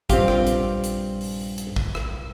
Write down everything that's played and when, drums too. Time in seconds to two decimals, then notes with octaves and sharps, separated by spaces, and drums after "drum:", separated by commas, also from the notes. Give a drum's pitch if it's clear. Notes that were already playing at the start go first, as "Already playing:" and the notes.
0.10 A#1 G2 C4 F4 G4, drum: kick, hi-hat
0.28 drum: rim click
0.47 drum: hi-hat
0.84 drum: hi-hat
1.21 drum: open hi-hat
1.58 drum: hi-hat
1.76 drum: kick
1.95 drum: rim click